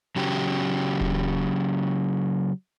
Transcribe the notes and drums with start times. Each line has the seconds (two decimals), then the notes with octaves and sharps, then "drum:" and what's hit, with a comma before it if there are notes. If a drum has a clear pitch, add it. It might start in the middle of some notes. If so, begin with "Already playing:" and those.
0.16 C#3 F#3 G4
1.01 drum: kick D#1